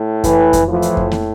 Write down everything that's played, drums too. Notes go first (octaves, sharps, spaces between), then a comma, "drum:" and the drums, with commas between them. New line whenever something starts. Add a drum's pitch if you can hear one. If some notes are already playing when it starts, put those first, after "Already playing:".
Already playing: A2
E3, drum: kick F2, hi-hat
drum: kick F2, hi-hat
A2 E3 F3
drum: hi-hat
drum: kick F2
drum: snare A#3